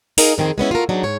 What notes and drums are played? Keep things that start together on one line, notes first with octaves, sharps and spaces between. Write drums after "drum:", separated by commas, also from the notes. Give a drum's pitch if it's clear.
D#4 G#4 A#4 D#5 F5, drum: open hi-hat
F2 D#3 C4 G#4
G#3 B3 C#4 E4
F4 F#4 A4 A#4
G#2 E3 F#3 D4 D#4
G#2 C#5